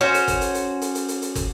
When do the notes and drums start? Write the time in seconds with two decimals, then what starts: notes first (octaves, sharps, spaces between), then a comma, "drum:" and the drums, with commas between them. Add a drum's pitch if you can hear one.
0.01 C#4 F#4 C5
0.14 drum: hi-hat
0.28 drum: kick, hi-hat
0.41 drum: hi-hat
0.55 drum: hi-hat
0.82 drum: hi-hat
0.95 drum: hi-hat
1.08 drum: hi-hat
1.22 drum: hi-hat
1.35 drum: kick, hi-hat